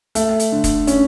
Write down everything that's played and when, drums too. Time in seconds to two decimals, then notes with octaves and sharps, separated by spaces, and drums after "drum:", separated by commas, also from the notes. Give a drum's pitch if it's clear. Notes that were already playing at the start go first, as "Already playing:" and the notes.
0.15 A3, drum: hi-hat
0.40 drum: hi-hat
0.52 D3
0.64 drum: kick, hi-hat
0.87 C#4, drum: hi-hat